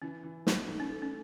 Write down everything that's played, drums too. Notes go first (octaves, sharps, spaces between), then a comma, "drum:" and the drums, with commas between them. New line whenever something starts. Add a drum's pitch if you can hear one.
E3 C#4
E3
E4, drum: snare
A2 D#4
C#4
A3
C#4